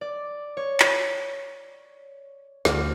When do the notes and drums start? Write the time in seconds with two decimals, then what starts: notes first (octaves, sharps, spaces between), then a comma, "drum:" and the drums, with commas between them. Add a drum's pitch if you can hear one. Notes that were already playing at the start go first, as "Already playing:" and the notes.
0.01 D5
0.57 C#5
0.80 drum: clap
2.65 D2, drum: snare